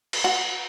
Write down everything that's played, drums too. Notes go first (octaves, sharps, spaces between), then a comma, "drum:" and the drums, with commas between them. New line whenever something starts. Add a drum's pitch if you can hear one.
drum: cymbal
F#4